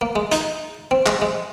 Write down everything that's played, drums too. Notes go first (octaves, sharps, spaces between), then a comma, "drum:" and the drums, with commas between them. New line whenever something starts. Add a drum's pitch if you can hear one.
A#3
G#3
D#4, drum: hi-hat
C4
G#3, drum: clap
G#3